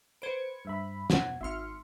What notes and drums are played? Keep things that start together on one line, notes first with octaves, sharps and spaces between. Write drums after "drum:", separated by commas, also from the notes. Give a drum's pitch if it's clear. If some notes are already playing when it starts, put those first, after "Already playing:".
B4 C5 G#6 C#7 D7
G2 E5 B5
F2 B2 F#5 G#6, drum: snare
G#1 E5 C6 F6 C#7